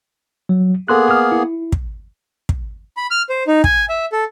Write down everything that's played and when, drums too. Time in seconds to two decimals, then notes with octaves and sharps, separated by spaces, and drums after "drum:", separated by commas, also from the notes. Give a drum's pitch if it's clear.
0.49 F#3
0.88 A#3 B3 G#4 A4 C6 F#6
1.10 D#6 F6
1.32 E4
1.72 drum: kick
2.49 drum: kick
2.97 B5
3.11 F6
3.29 C5
3.47 D#4
3.64 G#5, drum: kick
3.89 E5
4.12 A4